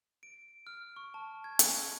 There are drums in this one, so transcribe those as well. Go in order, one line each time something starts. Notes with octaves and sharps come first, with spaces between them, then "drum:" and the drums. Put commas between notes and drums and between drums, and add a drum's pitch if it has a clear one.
D7
F6
C#6
A5
G#6
drum: hi-hat